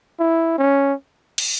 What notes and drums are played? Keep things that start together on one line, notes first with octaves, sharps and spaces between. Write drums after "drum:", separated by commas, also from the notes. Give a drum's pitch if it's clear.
E4
C#4
drum: cymbal